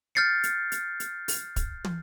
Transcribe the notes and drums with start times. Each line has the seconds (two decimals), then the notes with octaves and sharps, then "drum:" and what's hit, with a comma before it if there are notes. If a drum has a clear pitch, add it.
0.15 F6 G6 A6 C7 C#7
0.43 drum: hi-hat
0.72 drum: hi-hat
1.00 drum: hi-hat
1.28 drum: open hi-hat
1.56 drum: kick, hi-hat
1.84 drum: tom